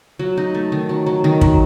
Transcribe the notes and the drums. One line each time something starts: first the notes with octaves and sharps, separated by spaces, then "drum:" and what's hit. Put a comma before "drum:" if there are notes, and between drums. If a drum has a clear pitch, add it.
F#3
D#4
A3
D#3
F#3
F#3
D#3
F#3, drum: kick